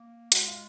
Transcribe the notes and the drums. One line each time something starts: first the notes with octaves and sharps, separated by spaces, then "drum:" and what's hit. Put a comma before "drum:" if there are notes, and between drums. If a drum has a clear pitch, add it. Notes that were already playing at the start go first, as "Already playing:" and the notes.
Already playing: A#3
G#3 F#4, drum: hi-hat
F4